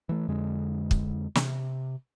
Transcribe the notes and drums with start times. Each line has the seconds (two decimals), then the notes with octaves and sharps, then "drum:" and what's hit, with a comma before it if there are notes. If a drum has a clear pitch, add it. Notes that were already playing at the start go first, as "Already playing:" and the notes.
0.09 E3 A3
0.28 F2 D3 G#3
0.91 drum: kick
1.35 C3, drum: snare